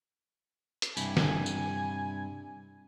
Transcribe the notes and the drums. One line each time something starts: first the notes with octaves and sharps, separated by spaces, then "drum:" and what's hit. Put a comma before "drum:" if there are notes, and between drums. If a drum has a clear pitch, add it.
drum: hi-hat
G2 C3 E4 G#5, drum: tambourine
drum: snare
drum: tambourine